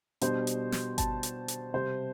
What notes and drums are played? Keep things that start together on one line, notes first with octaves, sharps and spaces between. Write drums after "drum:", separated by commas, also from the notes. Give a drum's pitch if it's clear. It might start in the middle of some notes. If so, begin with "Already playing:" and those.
B2 G3 D4 C5, drum: hi-hat
drum: hi-hat
drum: snare
A5, drum: kick G1, hi-hat
drum: hi-hat
drum: hi-hat
C3 G3 C4 C5